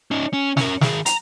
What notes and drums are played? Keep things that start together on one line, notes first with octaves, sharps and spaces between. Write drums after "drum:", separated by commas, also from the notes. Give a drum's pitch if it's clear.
C#4 D#4
C#4
C#4 A#4, drum: snare
D#3 G#4, drum: snare
A#5, drum: hi-hat